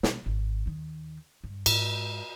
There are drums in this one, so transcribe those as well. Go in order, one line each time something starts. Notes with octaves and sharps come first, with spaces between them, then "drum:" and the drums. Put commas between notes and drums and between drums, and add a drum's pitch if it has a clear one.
B2, drum: snare
G#1
D#2 D#3
G2
G#2, drum: cymbal